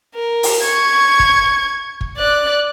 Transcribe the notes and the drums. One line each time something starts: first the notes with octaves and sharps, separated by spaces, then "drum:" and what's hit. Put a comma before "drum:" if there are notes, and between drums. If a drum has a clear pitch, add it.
A#4
drum: open hi-hat
C#6 G#6
drum: kick
drum: kick
D5 F#6